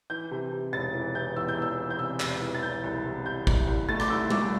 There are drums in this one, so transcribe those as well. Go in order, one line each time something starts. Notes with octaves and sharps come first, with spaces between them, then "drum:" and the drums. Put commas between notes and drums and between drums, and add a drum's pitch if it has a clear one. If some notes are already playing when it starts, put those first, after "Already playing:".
E3 G6
C3
C3
E1 A6
E3
C3 G6
E2 E6
G6
E2 E6
E3
G6
C3 E6
E1, drum: clap
E3
A6
C2 G6
C2
C3
C3 G6
C2, drum: kick G#1
C2
A3 A6
D6, drum: rim click
C2 E6
A3 D6, drum: tom G3